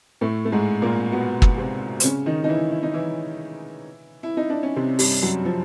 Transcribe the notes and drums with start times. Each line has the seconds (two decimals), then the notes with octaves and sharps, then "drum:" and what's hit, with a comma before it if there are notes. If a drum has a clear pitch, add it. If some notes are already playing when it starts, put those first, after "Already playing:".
0.21 A2 A3
0.45 A3
0.52 G#2 G#3
0.82 A#2 A#3
1.12 B2 B3
1.42 drum: kick
1.57 C3 C4
2.00 C4, drum: hi-hat
2.04 C#3 C#4
2.26 D#3 D#4
2.44 D#4
2.49 E3 E4
2.72 E4
2.83 D#4
2.94 E3 E4
4.23 E4
4.37 D#4
4.50 D4
4.63 C#4
4.76 C3 C4
4.99 G2 G3, drum: open hi-hat
5.23 F#2 F#3
5.45 F3